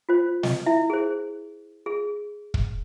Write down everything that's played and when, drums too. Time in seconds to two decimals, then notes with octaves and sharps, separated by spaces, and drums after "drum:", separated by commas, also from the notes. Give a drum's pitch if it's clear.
0.09 F4 C5
0.43 D#5, drum: snare
0.66 E4 E5
0.90 G#4 C5
1.86 G#4
2.54 drum: kick